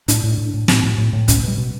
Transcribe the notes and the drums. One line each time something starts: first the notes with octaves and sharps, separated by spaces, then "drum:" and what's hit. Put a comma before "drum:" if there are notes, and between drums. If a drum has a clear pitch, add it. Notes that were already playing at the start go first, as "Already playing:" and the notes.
A2 D4, drum: hi-hat
A2
A2
A2
A2, drum: snare
A2
A2
A2
B2 C#4, drum: kick, hi-hat
B2 G3
B2